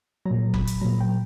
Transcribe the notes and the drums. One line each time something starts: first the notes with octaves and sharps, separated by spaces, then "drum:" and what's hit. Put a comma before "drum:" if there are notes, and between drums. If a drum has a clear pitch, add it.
F#3 A#5
A#2
B5, drum: kick F#1
drum: hi-hat
A#2 F#3 A#5
G5